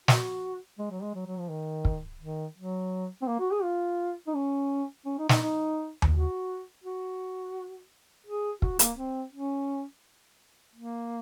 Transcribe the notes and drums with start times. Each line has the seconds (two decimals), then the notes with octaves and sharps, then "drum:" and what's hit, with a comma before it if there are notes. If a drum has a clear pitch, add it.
0.08 F#4, drum: snare
0.79 G#3
0.91 F#3
1.02 G#3
1.15 F#3
1.27 F#3
1.39 F3
1.50 D#3
1.85 drum: kick
2.21 D#3
2.57 F#3
3.22 C4
3.28 A#3
3.40 F#4
3.52 G#4
3.63 F4
4.27 D#4
4.34 C#4
5.05 C#4
5.18 D#4
5.29 D#4, drum: snare
5.41 D#4
6.02 drum: tom D#2
6.13 F#4
6.84 F#4
8.26 G#4
8.62 F#4, drum: kick
8.79 A#3, drum: hi-hat
8.98 C4
9.33 C#4
10.76 A#3